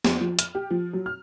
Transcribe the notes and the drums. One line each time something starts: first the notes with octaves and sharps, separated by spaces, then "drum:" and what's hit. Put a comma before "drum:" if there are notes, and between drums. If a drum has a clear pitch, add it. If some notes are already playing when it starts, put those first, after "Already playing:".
F2, drum: snare
F3
F6, drum: hi-hat
G4
F3
F#3
F6